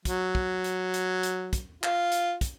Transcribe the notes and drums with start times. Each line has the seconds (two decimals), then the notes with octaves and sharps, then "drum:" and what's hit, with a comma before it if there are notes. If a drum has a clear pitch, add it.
0.05 F#3, drum: kick, hi-hat
0.35 drum: kick
0.64 drum: hi-hat
0.94 drum: hi-hat
1.23 drum: hi-hat
1.53 drum: kick, hi-hat
1.83 F4, drum: clap
2.12 drum: hi-hat
2.41 drum: kick, hi-hat